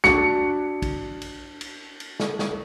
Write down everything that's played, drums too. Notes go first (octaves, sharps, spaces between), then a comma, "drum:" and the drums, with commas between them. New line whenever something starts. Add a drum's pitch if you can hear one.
D4 F#4 C#7, drum: snare
drum: kick, cymbal
drum: cymbal
drum: cymbal
drum: cymbal
drum: snare
drum: snare